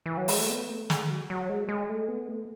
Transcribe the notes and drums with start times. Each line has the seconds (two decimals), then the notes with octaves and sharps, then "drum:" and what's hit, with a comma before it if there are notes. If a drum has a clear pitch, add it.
0.06 E3
0.17 F#3
0.28 G#3, drum: open hi-hat
0.38 A3
0.50 B3
0.69 A3
0.90 G#3, drum: snare
1.10 F#3
1.30 F#3
1.49 G#3
1.69 G#3
1.90 A3
2.08 B3
2.29 A3